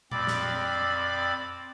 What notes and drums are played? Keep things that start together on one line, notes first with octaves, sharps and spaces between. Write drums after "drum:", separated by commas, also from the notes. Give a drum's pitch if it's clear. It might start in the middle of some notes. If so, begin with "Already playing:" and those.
F2 C4 D5 B5 D6, drum: tom A#2
drum: snare